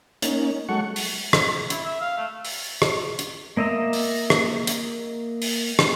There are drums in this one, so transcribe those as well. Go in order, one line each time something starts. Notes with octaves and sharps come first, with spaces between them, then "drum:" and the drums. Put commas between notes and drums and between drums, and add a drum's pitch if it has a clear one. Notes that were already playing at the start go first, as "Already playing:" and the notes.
A#3 C#4 D#4, drum: hi-hat
F#3 G#3 A4 F#5 C#6
drum: open hi-hat
drum: rim click
E4, drum: hi-hat
E5
F5
A3
drum: open hi-hat
drum: rim click
drum: hi-hat
A#3 D#5 E5 A#5
drum: open hi-hat
drum: rim click
drum: hi-hat
drum: open hi-hat
drum: rim click